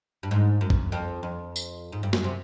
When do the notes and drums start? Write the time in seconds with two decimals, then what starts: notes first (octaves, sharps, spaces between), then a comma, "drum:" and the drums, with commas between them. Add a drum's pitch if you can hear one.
0.23 G2
0.31 G#2
0.61 F#2
0.70 drum: kick
0.92 F2
1.23 F2
1.56 drum: tambourine
1.92 G#2
2.03 G2
2.13 F#2, drum: snare
2.24 C3